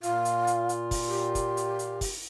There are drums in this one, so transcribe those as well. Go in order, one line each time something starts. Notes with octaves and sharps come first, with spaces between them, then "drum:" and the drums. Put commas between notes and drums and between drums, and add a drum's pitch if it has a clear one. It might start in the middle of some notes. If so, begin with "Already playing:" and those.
A#2 F4 F5, drum: hi-hat
drum: hi-hat
drum: hi-hat
drum: hi-hat
drum: kick, open hi-hat
G4
drum: kick, hi-hat
drum: hi-hat
drum: hi-hat
drum: kick, open hi-hat